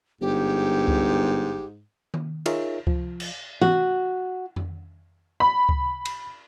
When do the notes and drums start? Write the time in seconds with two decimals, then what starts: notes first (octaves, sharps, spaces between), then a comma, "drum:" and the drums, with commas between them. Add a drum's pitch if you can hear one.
0.21 G1 G#2 G4
0.88 drum: kick C#2
2.14 drum: tom D#3
2.46 D#4 F4 G#4 A#4 C#5 E5, drum: cymbal
2.87 F3, drum: kick C#2
3.20 drum: cymbal
3.61 F#4, drum: tom E3
4.56 drum: tom F2
5.40 B5
5.69 drum: kick C#2
6.05 drum: cymbal